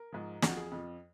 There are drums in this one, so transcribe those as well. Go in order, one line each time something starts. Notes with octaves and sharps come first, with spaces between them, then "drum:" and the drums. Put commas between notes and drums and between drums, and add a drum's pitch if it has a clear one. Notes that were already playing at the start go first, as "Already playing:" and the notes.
Already playing: A#4
G#2 F3
F2 F3 F#4, drum: snare
G#4
F2 F3